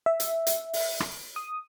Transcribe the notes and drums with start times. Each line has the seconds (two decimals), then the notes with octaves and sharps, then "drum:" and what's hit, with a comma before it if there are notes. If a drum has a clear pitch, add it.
0.06 E5
0.20 drum: hi-hat
0.47 drum: hi-hat
0.73 drum: open hi-hat
1.00 drum: rim click
1.36 D#6